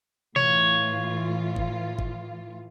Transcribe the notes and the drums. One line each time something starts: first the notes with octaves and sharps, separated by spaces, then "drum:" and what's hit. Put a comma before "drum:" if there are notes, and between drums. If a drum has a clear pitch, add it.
A2 E3 F4 C#5, drum: tom B2
drum: kick G1
drum: kick G1